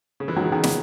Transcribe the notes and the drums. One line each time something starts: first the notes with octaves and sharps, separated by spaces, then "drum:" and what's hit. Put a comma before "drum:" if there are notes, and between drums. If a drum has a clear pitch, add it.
C#3
E3 G#3
D#3 F#3
C#3 E3
B2 D#3
C#3, drum: snare